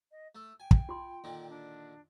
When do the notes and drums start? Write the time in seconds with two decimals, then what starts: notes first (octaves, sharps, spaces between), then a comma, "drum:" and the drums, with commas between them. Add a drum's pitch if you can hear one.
0.11 D#5
0.35 A3 E6
0.60 G5 G#5
0.71 drum: kick
0.89 F4 C6
1.24 A#2 D3 D#3
1.50 D4